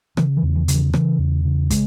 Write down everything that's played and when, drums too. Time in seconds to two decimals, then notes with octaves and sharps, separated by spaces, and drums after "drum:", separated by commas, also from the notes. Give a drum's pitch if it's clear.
0.17 C#3 E3, drum: rim click
0.37 E3
0.43 E2
0.55 E3
0.68 C#3, drum: hi-hat
0.74 E3
0.93 C#3 E3, drum: rim click
1.19 E2
1.45 C#3
1.70 G#3, drum: kick, hi-hat